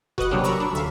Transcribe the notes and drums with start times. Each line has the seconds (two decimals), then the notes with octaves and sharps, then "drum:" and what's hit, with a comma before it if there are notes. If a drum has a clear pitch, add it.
0.18 F#4 B4 D#5 F#5, drum: kick F1
0.31 C3 F#3 G3 A#3 C#4 D4
0.44 D5 A#5 B5 C#6 E6
0.60 D4
0.73 D2 E5 F5